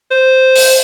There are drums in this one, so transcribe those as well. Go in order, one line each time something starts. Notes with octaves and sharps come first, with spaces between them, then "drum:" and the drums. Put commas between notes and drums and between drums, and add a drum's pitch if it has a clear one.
C5
drum: open hi-hat